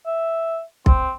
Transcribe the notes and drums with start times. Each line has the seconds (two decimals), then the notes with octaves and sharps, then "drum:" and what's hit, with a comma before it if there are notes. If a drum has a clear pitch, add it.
0.06 E5
0.86 C4, drum: kick B1